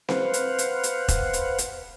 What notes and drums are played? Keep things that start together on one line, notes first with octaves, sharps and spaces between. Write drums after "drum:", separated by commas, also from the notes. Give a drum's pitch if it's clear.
B4 C5 F5 F#5, drum: snare C4
drum: hi-hat
drum: hi-hat
drum: hi-hat
drum: kick E1, hi-hat
drum: hi-hat
drum: hi-hat